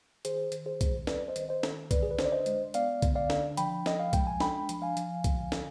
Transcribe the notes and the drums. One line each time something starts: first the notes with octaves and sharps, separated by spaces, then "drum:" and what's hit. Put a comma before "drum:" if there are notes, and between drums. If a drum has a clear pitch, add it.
D#3 G#4 C5, drum: hi-hat
D#3, drum: hi-hat
G#4 C5
G3, drum: kick B1, hi-hat
C4 B4 D5, drum: snare
C5 D#5
D#3, drum: hi-hat
C5 D#5
D#3, drum: snare
D3 B4 D5, drum: kick B1, hi-hat
G#4
B4
D4 C5, drum: snare
D5
C5 D#5
G#3, drum: hi-hat
B3 D5 F5, drum: hi-hat
D3, drum: kick B1, hi-hat
D5 F5
D4, drum: snare
F3 G5 B5, drum: hi-hat
F3 D#5, drum: snare
F5
G#3 G5, drum: kick B1, hi-hat
G#5
D4 G5 B5, drum: snare
F3, drum: hi-hat
F5 G#5
F3, drum: hi-hat
D3, drum: kick B1, hi-hat
D3, drum: snare